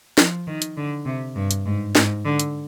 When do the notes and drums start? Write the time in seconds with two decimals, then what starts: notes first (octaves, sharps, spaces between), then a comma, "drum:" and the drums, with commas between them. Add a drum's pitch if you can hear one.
0.18 F3, drum: snare
0.47 D#3
0.62 drum: hi-hat
0.77 D3
1.06 C3
1.35 G2
1.51 drum: hi-hat
1.66 G#2
1.95 G#2, drum: snare
2.25 D3
2.40 drum: hi-hat